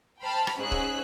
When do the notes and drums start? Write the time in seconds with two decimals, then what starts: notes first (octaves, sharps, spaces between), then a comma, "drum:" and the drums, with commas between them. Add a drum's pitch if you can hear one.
0.23 C5 G5 A5 B5 F6
0.47 drum: rim click
0.57 G#2 C#4 G#4 E6 F#6
0.72 drum: kick